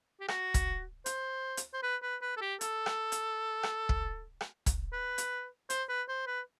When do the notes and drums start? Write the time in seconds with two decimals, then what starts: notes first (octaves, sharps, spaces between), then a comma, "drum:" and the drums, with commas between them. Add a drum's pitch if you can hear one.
0.20 G4
0.28 F#4, drum: rim click
0.54 drum: kick, hi-hat
1.06 C5, drum: hi-hat
1.57 drum: hi-hat
1.73 C5
1.83 B4
2.03 B4
2.22 B4
2.37 A4
2.41 G4
2.61 A4, drum: hi-hat
2.86 drum: rim click
3.12 drum: hi-hat
3.63 drum: rim click
3.89 drum: kick
4.41 drum: rim click
4.66 drum: kick, hi-hat
4.93 B4
5.18 drum: hi-hat
5.70 C5, drum: hi-hat
5.89 B4
6.08 C5
6.27 B4